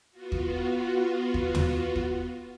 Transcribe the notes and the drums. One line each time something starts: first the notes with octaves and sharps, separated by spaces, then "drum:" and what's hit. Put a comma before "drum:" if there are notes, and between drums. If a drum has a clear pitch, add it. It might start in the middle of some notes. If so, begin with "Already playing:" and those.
B3 F4 F#4
drum: kick
drum: kick
drum: tom
drum: kick